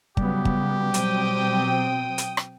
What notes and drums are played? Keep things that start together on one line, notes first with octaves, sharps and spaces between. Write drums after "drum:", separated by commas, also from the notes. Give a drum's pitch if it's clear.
C#3 F#3 G3 B3 G4, drum: kick
drum: kick
B2 F#3 C4 G5 D#6, drum: hi-hat
drum: hi-hat
drum: rim click